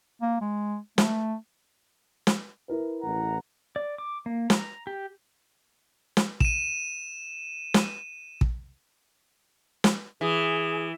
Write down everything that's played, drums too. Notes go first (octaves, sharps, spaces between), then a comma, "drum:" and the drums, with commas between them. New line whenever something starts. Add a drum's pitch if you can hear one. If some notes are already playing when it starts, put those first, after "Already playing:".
A#3
G#3
A3, drum: snare
drum: snare
E4 A#4 B4
A1 F#5 A#5
D5
D6
A#3
A#5, drum: snare
G4
drum: snare
D#7 E7, drum: kick
drum: snare
drum: kick
drum: snare
E3 G#4